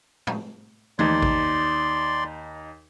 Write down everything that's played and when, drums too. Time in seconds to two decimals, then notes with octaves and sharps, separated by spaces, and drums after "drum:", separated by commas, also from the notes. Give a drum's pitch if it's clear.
0.27 drum: tom
0.99 D#2 D#4 D5 C6 G#6, drum: tom E3
1.22 drum: kick A1